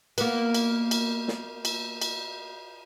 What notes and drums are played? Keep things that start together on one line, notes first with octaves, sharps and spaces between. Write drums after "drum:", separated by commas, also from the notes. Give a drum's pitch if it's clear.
A#3 B3, drum: cymbal
drum: cymbal
drum: cymbal
drum: snare
drum: cymbal
drum: cymbal